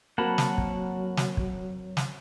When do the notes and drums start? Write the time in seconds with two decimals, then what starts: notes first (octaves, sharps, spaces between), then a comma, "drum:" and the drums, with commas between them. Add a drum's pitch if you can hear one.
0.18 F#3 A#3 C4 F#4 A#4 F#5 A5 B5
0.38 drum: snare
0.58 drum: kick
1.17 drum: snare
1.37 drum: kick
1.97 drum: snare